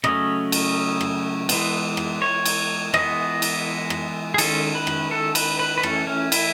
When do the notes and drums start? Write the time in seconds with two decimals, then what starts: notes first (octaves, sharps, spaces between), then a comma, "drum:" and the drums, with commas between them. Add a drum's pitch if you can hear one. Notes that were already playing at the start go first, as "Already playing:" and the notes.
0.04 C#3 F#3 A3 C#4 D#5, drum: rim click
0.52 drum: cymbal
1.01 drum: rim click
1.49 E3 G#3 B3, drum: cymbal
1.97 drum: rim click
2.22 C#5
2.45 drum: cymbal
2.94 E3 G#3 B3 D#5, drum: rim click
3.42 drum: cymbal
3.90 drum: rim click
4.34 G#4
4.38 D#3 G#3 C#4 A4, drum: cymbal
4.75 B4
4.87 drum: rim click
5.11 A4
5.35 B4, drum: cymbal
5.59 B4
5.78 B4
5.83 E3 A3 C#4 A4, drum: rim click
6.07 C#4
6.32 E4, drum: cymbal